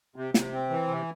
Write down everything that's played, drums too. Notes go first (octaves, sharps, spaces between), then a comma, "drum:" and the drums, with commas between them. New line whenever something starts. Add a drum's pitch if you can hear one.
C3
C3, drum: snare
C4
E3
C3